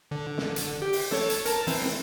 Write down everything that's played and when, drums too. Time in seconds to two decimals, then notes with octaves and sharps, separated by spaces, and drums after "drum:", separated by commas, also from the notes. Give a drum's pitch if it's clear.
0.11 D3
0.38 drum: snare
0.56 drum: hi-hat
0.82 G4
0.93 drum: open hi-hat
1.11 A4 C#5, drum: snare
1.30 drum: hi-hat
1.45 A#4 A5, drum: hi-hat
1.67 E3 C4, drum: open hi-hat
1.85 drum: snare